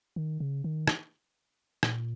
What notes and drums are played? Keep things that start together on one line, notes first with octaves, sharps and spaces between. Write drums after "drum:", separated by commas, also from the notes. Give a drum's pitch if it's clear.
D#3
C#3
D#3
drum: rim click
A#2, drum: rim click